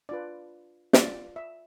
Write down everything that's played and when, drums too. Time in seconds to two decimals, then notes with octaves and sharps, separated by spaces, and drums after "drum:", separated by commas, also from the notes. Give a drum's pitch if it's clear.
0.09 D4 F4 B4 D5
0.93 F4 B4 D5, drum: snare
1.36 E5